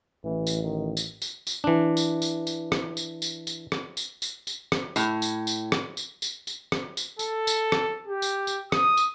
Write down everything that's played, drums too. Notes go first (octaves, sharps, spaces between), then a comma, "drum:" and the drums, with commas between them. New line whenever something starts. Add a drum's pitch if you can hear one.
A1 E3
drum: tambourine
D#3
drum: tambourine
drum: tambourine
drum: tambourine
E3 D4
drum: tambourine
drum: tambourine
drum: tambourine
drum: rim click
drum: tambourine
drum: tambourine
drum: tambourine
drum: rim click
drum: tambourine
drum: tambourine
drum: tambourine
drum: rim click
A2, drum: tambourine
drum: tambourine
drum: tambourine
drum: rim click
drum: tambourine
drum: tambourine
drum: tambourine
drum: rim click
drum: tambourine
A4, drum: tambourine
drum: tambourine
drum: rim click
G4
drum: tambourine
drum: tambourine
D#6, drum: rim click
drum: tambourine